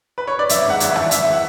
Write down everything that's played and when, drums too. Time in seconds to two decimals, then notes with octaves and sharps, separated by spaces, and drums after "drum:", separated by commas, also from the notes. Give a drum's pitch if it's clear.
0.18 B4
0.27 C#5
0.39 D5
0.49 G#1 E5, drum: hi-hat
0.66 G#2 F#5
0.80 G#1, drum: hi-hat
0.90 E5
0.96 E3, drum: rim click
1.11 G#1 E5, drum: hi-hat
1.24 E5
1.33 F#5